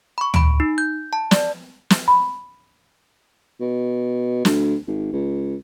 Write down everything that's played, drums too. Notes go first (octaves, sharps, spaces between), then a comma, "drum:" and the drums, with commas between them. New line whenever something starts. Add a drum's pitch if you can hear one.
B5 C#6
B5 D7, drum: tom
D#4
G6
A5
D5, drum: snare
drum: snare
B5
B2
D2, drum: snare
G#1
C#2